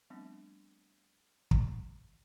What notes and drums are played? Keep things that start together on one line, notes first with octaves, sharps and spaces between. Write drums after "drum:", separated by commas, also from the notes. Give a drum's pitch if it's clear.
F3 G3 A3 B3 C4 D4
drum: kick